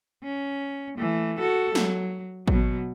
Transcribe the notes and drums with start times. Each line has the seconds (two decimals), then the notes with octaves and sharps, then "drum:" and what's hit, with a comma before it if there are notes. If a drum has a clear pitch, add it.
0.23 C#4
0.98 E3 A3
1.39 F#4 A4
1.75 F#3, drum: snare
2.48 B2 F#3, drum: kick